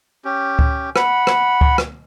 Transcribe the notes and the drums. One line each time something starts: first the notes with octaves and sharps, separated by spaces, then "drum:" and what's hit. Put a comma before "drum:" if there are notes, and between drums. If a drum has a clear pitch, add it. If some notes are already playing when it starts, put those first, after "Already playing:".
C#4 G4
drum: kick C#2
F#5 B5, drum: rim click
drum: rim click
drum: kick C#2
drum: rim click